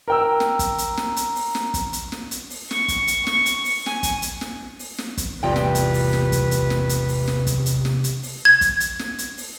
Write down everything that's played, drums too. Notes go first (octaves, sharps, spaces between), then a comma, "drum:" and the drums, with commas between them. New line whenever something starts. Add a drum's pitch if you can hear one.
A#4 G5 E6
drum: snare
drum: kick, hi-hat
drum: hi-hat
drum: snare
drum: hi-hat
drum: open hi-hat
drum: snare
drum: kick, hi-hat
drum: hi-hat
drum: snare
drum: hi-hat
drum: open hi-hat
C#6, drum: snare
drum: kick, hi-hat
drum: hi-hat
C#6, drum: snare
drum: hi-hat
drum: open hi-hat
G#5, drum: snare
drum: kick, hi-hat
drum: hi-hat
drum: snare
drum: open hi-hat
drum: snare
drum: kick, hi-hat
A1 E2 C3 G3 F4 B4 G5
drum: snare
drum: hi-hat
drum: open hi-hat
drum: snare
drum: kick, hi-hat
drum: hi-hat
drum: snare
drum: hi-hat
drum: open hi-hat
drum: snare
drum: kick, hi-hat
drum: hi-hat
drum: snare
drum: hi-hat
drum: open hi-hat
G#6
drum: kick, hi-hat
drum: hi-hat
drum: snare
drum: hi-hat
drum: open hi-hat